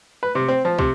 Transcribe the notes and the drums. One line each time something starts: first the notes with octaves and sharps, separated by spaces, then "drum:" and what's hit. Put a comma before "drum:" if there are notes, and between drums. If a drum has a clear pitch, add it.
B4
C3
C4
F3
C3, drum: kick